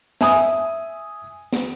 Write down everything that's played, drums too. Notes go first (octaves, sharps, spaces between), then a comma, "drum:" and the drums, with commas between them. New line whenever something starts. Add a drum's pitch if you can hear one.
E5 G#5 D#6, drum: snare
drum: snare